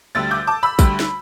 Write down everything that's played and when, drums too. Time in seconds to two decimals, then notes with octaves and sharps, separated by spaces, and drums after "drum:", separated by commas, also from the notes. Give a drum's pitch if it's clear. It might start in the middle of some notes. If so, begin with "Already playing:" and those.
0.15 D2 D3 G3 E6 A6
0.31 D6 G6
0.47 A5 D6
0.63 B5 E6
0.79 D2 D3 G3, drum: kick, tambourine
1.00 drum: snare